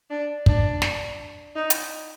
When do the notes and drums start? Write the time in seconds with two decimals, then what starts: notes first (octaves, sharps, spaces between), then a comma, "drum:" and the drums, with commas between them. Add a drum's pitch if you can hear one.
0.10 D4
0.46 D4, drum: kick
0.82 drum: snare
1.55 D#4
1.70 drum: hi-hat